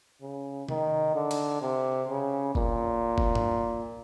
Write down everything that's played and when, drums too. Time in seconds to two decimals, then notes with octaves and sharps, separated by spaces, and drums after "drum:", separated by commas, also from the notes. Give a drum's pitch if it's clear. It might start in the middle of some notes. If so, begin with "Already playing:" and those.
0.22 C#3
0.69 D#3, drum: tom C3
1.15 D3
1.31 drum: cymbal
1.61 C3
2.08 C#3
2.55 A#2, drum: kick
3.18 drum: kick
3.35 drum: tom G2